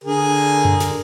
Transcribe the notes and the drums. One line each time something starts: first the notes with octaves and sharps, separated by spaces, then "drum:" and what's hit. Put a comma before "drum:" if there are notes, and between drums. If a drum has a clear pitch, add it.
D3 G#4 A#4
drum: tom F#2
drum: snare